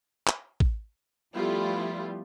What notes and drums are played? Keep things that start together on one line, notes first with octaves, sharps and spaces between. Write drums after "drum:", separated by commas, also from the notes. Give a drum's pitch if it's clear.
drum: clap
drum: kick
F3 G3 A3 B3 E4 F4